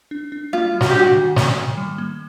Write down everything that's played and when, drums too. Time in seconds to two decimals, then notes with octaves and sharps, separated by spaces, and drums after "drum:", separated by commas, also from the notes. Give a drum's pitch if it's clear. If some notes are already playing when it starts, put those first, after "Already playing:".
0.11 D4
0.32 D4
0.53 A#3 F4
0.74 G3
0.81 F#4, drum: snare
0.90 G4
0.94 D4 F#4
1.16 D#3
1.36 A#3, drum: snare
1.58 D#3
1.77 G3
1.98 A#3